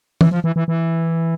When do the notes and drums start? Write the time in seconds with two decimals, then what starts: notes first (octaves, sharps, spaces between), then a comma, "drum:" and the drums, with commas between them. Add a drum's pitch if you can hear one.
0.21 E3, drum: tom E3
0.31 F3
0.44 E3
0.56 E3
0.68 E3